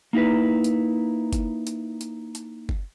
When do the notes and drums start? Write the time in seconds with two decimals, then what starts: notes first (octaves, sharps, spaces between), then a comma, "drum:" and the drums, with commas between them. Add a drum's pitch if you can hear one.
0.13 A#3 D#4 E4 B4
0.64 drum: hi-hat
1.33 drum: kick F#1, hi-hat
1.67 drum: hi-hat
2.01 drum: hi-hat
2.35 drum: hi-hat
2.69 drum: kick F#1